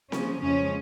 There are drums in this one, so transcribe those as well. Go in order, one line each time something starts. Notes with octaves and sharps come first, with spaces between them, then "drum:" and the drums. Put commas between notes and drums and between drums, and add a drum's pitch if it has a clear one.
C#3 F3 A#3 C#4, drum: snare C4
F2 C#3 F3 G#3 C#4